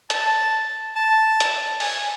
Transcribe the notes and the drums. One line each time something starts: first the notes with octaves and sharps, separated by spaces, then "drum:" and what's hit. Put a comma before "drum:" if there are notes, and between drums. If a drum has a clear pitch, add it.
A5, drum: hi-hat
A5
drum: hi-hat
G#5, drum: open hi-hat